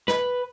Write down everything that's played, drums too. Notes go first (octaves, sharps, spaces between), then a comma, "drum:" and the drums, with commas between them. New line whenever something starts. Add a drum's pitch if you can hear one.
B4, drum: snare